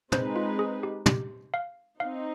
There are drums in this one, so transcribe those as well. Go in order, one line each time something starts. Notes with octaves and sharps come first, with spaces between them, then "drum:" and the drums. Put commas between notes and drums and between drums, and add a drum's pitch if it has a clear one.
G#3 C4 D#4 B4 C5, drum: tom
F4
G#4
G4
G4, drum: tom
F5
C4 D#4 F5